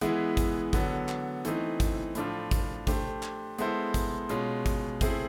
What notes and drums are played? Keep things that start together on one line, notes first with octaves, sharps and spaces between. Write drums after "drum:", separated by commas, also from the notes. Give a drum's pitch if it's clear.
E3 G#3 B3 E4 G#4, drum: hi-hat
drum: kick, hi-hat
D3 F#3 B3, drum: kick, hi-hat
drum: clap
E3 A3 C4 D#4, drum: hi-hat
drum: kick, hi-hat
A2 F3 A3 D4 F4, drum: hi-hat
drum: kick, hi-hat
A3 D4 G4 C5, drum: kick, hi-hat
drum: clap
G#3 B3 E4 A4 C5, drum: hi-hat
drum: kick, hi-hat
B2 G#3 C#4 F4, drum: hi-hat
drum: kick, hi-hat
A3 C4 E4 G#4, drum: kick, hi-hat